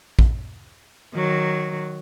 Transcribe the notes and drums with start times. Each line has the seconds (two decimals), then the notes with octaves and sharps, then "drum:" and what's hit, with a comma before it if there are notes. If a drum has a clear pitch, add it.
0.19 drum: kick
1.14 D#3 F#3